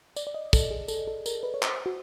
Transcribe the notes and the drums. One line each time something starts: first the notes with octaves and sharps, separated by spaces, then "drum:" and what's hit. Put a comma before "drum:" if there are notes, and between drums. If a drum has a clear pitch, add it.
D5, drum: tambourine
D5
D#5
A4, drum: kick, tambourine
G#4
A4, drum: tambourine
A4
A#4, drum: tambourine
B4
C#5
C5, drum: clap
F#4